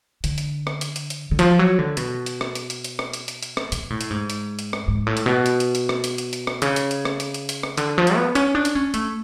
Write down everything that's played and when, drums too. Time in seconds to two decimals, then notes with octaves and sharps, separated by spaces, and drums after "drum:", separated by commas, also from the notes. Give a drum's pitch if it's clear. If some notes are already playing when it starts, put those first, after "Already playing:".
0.24 D3, drum: hi-hat
0.38 drum: hi-hat
0.67 drum: rim click
0.81 drum: hi-hat
0.96 drum: hi-hat
1.10 drum: hi-hat
1.31 D3
1.39 F3, drum: hi-hat
1.59 F#3
1.79 D3
1.97 B2, drum: hi-hat
2.26 drum: hi-hat
2.41 drum: rim click
2.55 drum: hi-hat
2.70 drum: hi-hat
2.84 drum: hi-hat
2.99 drum: rim click
3.13 drum: hi-hat
3.28 drum: hi-hat
3.43 drum: hi-hat
3.57 drum: rim click
3.72 B2, drum: hi-hat
3.90 A2
4.01 drum: hi-hat
4.10 G#2
4.30 drum: hi-hat
4.59 drum: hi-hat
4.73 drum: rim click
4.88 G#2
5.07 A2
5.17 drum: hi-hat
5.26 B2
5.46 drum: hi-hat
5.60 drum: hi-hat
5.75 drum: hi-hat
5.89 drum: rim click
6.04 drum: hi-hat
6.18 drum: hi-hat
6.33 drum: hi-hat
6.47 drum: rim click
6.62 C#3, drum: hi-hat
6.76 drum: hi-hat
6.91 drum: hi-hat
7.05 drum: rim click
7.20 drum: hi-hat
7.34 drum: hi-hat
7.49 drum: hi-hat
7.63 drum: rim click
7.77 D3, drum: hi-hat
7.98 F3
8.07 drum: hi-hat
8.16 B3
8.35 C#4, drum: hi-hat
8.55 D4
8.65 drum: hi-hat
8.75 C#4
8.94 A3, drum: hi-hat